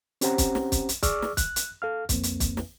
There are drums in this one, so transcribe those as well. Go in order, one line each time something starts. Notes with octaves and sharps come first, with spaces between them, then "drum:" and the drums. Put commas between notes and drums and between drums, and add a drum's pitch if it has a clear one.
C4 C#4 G4 C5 F#5 A#5, drum: hi-hat
drum: kick, hi-hat
drum: snare
drum: kick, hi-hat
drum: hi-hat
G#4 D5 C#6 D6 E6 F6, drum: kick, hi-hat
drum: snare
F#6, drum: kick, hi-hat
drum: hi-hat
A4 F5 F6
C2 F2 A#3 C4, drum: kick, hi-hat
drum: hi-hat
drum: kick, hi-hat
drum: snare